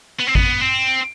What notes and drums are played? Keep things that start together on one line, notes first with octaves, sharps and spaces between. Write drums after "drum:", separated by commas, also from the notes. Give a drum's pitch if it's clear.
B3
C4
B3, drum: kick G#1
C4